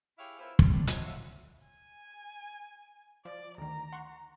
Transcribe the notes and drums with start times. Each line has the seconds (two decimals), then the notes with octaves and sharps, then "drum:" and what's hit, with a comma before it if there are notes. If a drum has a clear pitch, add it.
0.18 E4 G4 G#4 C#5 E5 F5
0.39 B3 E4 F4 A#4 C5 E5
0.59 G3, drum: kick
0.71 D4 G4 B4 D5
0.87 B3 D4 A#4 C5 C#5, drum: hi-hat
1.04 F4 F#4 A4 E5
1.67 G#5
3.25 F3 D5
3.58 D2 D#3 A#5
3.92 F#5 C6 C#6